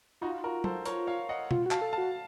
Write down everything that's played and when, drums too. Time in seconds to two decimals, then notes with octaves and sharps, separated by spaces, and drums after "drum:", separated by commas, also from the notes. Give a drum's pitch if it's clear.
0.21 D#4 F4 F#4
0.44 F#4 A#4
0.64 A4 C5, drum: tom F#3
0.85 A#4 C#5, drum: hi-hat
1.07 C#5 F5
1.29 D#5 F#5
1.51 F4, drum: tom B2
1.66 F#4
1.71 F5 A5, drum: clap
1.82 A4
1.93 F5 A5
1.98 F#4